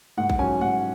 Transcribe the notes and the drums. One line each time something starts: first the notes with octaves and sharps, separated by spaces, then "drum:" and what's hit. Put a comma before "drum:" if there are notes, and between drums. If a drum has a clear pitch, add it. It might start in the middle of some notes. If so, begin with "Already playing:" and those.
G#2 F#5
drum: kick
F#3 C#4 G#5
G#2 F#5